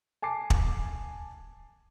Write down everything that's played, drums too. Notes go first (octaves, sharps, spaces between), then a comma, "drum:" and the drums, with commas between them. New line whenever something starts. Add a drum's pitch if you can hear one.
G#5 A5 D6 C7
drum: kick